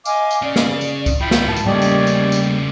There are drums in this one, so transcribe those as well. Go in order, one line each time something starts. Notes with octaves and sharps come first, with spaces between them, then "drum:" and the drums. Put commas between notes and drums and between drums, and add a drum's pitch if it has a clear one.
D#5 F5 G#5 D6, drum: tambourine
drum: tambourine
C#3 C#4 D5
drum: snare
drum: tambourine
drum: kick C#2, tambourine
F3 E4 G5 B5
drum: snare
G#2 A5
drum: tambourine
C#3 G3 A3 A#3 C#4 G4 D5 D#5
drum: tambourine
drum: tambourine
drum: tambourine